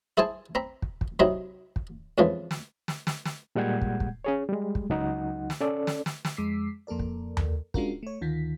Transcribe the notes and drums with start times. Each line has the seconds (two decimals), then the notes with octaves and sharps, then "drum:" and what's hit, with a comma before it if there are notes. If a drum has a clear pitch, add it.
0.17 E4 G#4 C5 G#5 A5
0.55 C4 A#5 B5
0.82 drum: kick
1.01 drum: kick
1.19 C3 F#3 C4 D#4 E4 D#5
1.76 drum: kick
2.18 F2 G#2 C#3 E3 F3
2.51 drum: snare
2.88 drum: snare
3.07 drum: snare
3.25 drum: snare
3.55 A#2 G3 G#3 F#5 G6 G#6
3.82 drum: kick
4.00 drum: kick
4.24 C#4 G#4 C#5
4.49 G3 G#3
4.75 drum: kick
4.90 C#2 F#3 D#4 F#5
5.50 drum: snare
5.60 C#4 A4 D5
5.87 drum: snare
6.06 drum: snare
6.25 drum: snare
6.37 F2 G#3 D6 E6 B6 C7
6.87 F2 A#3 A4 A#4 D5
6.99 drum: kick
7.37 drum: tom D#2
7.74 G#3 C#4 D4 F4 F#4 A#4, drum: kick
8.03 A3 C#5
8.21 D2 D#3 F4 B6